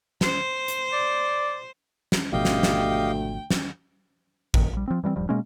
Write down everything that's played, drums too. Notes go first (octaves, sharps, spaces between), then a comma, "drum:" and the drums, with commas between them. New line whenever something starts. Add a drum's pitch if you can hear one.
C5, drum: snare
drum: hi-hat
D5
drum: snare
G#1 D2 B2 F3 G4 D#5 F5 G5
drum: snare
drum: snare
drum: snare
G1 F#2 A#2 D#3, drum: kick
A#1 G3
F3 C4
E3 G3 A#3 C4
D#1 G2 F3 G3
B2 G#3 A#3 C#4